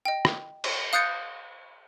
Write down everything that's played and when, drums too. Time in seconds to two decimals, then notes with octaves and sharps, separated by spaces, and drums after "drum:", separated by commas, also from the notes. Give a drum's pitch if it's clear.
0.05 D#5 G5
0.25 drum: rim click
0.64 drum: cymbal
0.93 F5 D#6 F#6 G6 A6 C#7